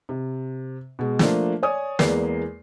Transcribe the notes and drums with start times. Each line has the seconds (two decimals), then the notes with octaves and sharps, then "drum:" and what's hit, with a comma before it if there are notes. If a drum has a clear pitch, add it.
0.09 C3
0.99 B2 G#3
1.19 F3 A3 A#3 D4, drum: snare
1.63 C#5 D5 G#5 D#6
1.99 E2 G#3 A#3 B4 D5 C7, drum: snare